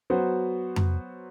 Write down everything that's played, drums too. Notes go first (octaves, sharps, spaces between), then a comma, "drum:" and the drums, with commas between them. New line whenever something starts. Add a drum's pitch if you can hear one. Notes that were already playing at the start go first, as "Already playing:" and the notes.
F#3 B3 F#4 C5
drum: tom F2